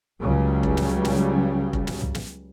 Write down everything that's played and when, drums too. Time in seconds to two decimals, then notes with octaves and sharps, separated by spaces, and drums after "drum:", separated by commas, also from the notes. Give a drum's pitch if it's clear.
0.22 C#2 C#3 F#3 G3
0.63 drum: kick F1
0.77 drum: snare
1.05 drum: snare
1.73 drum: kick F1
1.87 drum: snare
2.01 drum: tom
2.15 drum: snare